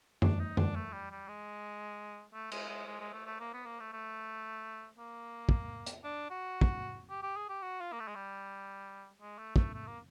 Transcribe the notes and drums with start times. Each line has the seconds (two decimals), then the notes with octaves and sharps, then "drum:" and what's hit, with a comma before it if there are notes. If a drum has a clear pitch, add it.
0.22 D4, drum: tom F#2
0.39 D#4
0.57 D4, drum: tom F#2
0.75 A3
0.93 G3
1.11 G3
1.28 G#3
2.33 A3
2.51 G#3, drum: cymbal
2.69 G#3
2.87 G#3
3.00 G#3
3.13 A3
3.26 A3
3.40 A#3
3.53 B3
3.66 A#3
3.80 A3
3.93 A3
4.98 A#3
5.49 drum: kick
5.86 drum: hi-hat
6.04 D4
6.30 F#4
6.61 drum: kick
7.10 G4
7.23 G4
7.37 G#4
7.49 G4
7.62 F#4
7.81 F4
7.92 A#3
8.00 A3
8.08 G#3
8.15 G3
9.21 G#3
9.38 A3
9.56 A3, drum: kick
9.74 A3
9.87 A#3